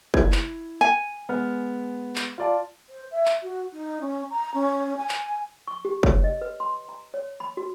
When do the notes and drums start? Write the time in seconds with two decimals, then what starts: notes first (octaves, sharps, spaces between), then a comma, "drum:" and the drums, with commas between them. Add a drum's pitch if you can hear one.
0.14 E4 G#6, drum: kick
0.32 drum: clap
0.81 G#5
1.29 G#3 B3 F6
2.16 drum: clap
2.38 F4 D5 A5
2.89 C5
3.11 E5
3.26 drum: clap
3.42 F#4
3.73 D#4
4.01 C#4
4.30 A#5
4.54 C#4
4.97 G#5
5.09 drum: clap
5.67 C#6
5.85 G4
6.03 C#5, drum: kick
6.24 D#5
6.41 B4
6.60 C6
6.89 A#5
7.14 C#5
7.40 B5
7.57 F#4